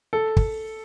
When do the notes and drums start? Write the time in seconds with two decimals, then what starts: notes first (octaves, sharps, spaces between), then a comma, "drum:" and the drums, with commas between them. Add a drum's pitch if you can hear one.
0.13 A4
0.37 drum: kick